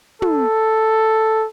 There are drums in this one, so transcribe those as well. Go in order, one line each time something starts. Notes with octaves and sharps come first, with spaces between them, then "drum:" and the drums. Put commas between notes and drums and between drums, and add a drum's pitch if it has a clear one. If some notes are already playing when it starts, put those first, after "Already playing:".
A4, drum: tom